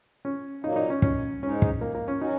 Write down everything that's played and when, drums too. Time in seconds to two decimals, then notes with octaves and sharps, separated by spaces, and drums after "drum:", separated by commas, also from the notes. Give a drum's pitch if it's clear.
0.25 C#4
0.64 A#2 F#3 A#3 D#4
0.76 D#4
0.90 C#4
1.02 C#4, drum: kick
1.43 G#2 G#3 C#4 D#4
1.62 drum: kick
1.81 A#3
1.95 A#3
2.08 C#4
2.21 F#3 C#4 D#4 F#4